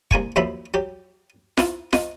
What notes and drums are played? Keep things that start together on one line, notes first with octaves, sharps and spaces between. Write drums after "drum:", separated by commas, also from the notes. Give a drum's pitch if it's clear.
C2 A#3 G#5 C#6, drum: kick
D#2 F3 F#3 B3 E5 B5
F#3 G4
B3 E4 F4, drum: snare F4
F4 D#5, drum: snare F4